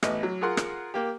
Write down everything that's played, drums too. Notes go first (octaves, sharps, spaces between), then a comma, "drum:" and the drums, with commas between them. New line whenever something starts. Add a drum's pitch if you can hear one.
A1 B3 D#5, drum: rim click
F#3
F4 G#4 A#4 F#5 C6
drum: rim click
A#3 G4